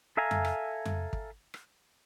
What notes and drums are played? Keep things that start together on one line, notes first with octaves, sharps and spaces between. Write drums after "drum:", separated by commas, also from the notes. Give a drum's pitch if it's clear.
A4 E5 F5 G#5 A#5
drum: tom F2
drum: rim click
drum: tom F2
drum: kick
drum: rim click